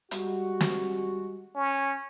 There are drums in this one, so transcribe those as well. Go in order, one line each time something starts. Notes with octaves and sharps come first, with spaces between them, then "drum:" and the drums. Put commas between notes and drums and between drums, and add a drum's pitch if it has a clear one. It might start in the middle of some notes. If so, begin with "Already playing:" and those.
G3 G#3 F#4, drum: hi-hat
drum: snare
C#4